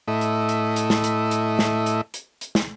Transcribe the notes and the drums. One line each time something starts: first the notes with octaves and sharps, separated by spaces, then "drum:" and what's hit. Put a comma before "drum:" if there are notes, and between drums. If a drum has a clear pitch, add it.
A2 A3 E4 D#5
drum: hi-hat
drum: hi-hat
drum: hi-hat
drum: snare
drum: hi-hat
drum: hi-hat
drum: snare
drum: hi-hat
drum: hi-hat
drum: hi-hat
drum: snare